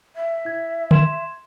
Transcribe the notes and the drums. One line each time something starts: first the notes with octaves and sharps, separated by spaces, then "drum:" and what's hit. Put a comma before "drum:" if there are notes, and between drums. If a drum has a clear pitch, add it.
E5
E4 G#6
C6 G#6 E7, drum: tom D3